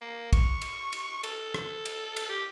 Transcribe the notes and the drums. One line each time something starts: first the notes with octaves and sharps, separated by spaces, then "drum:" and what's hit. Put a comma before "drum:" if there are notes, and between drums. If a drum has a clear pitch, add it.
A#3
C#6, drum: kick, cymbal
drum: cymbal
drum: cymbal
A4, drum: cymbal
drum: rim click
drum: cymbal
drum: cymbal
G4